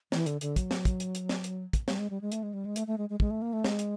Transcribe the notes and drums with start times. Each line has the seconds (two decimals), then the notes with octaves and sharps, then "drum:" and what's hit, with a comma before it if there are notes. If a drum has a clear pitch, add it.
0.12 E3, drum: snare
0.26 D3, drum: hi-hat
0.41 D3, drum: hi-hat
0.56 F#3, drum: kick, hi-hat
0.71 drum: snare
0.85 drum: kick, hi-hat
1.00 drum: hi-hat
1.15 drum: hi-hat
1.29 drum: snare
1.44 drum: hi-hat
1.73 drum: kick, hi-hat
1.88 G3, drum: snare
1.99 G#3
2.10 G3
2.21 G#3
2.32 A3, drum: hi-hat
2.43 G#3
2.54 G3
2.65 G#3
2.76 A3, drum: hi-hat
2.87 A3
2.98 G#3
3.10 G#3
3.20 G#3, drum: kick
3.31 A3
3.42 A#3
3.53 A3
3.64 G#3, drum: snare
3.79 drum: hi-hat